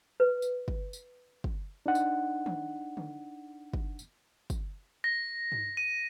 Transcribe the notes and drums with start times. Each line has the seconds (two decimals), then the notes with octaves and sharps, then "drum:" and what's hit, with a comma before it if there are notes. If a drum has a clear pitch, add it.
0.20 B4
0.42 drum: tambourine
0.68 drum: kick
0.93 drum: tambourine
1.44 drum: kick
1.86 D4 D#4 F#5
1.95 drum: tambourine
2.46 drum: tom D#3
2.97 drum: tom D3
3.73 drum: kick
3.99 drum: tambourine
4.50 drum: kick, tambourine
5.04 A#6
5.52 drum: tom G2
5.77 D#7